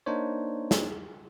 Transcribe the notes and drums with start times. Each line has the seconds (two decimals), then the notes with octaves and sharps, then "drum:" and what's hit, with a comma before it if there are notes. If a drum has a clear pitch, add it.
0.06 A#3 D4 D#4 C5 C#5
0.71 drum: snare